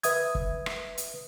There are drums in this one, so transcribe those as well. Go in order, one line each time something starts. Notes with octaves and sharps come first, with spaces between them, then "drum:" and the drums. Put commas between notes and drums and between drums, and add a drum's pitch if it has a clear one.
B4 E5 D#6 G#6, drum: hi-hat
drum: kick
drum: rim click
drum: hi-hat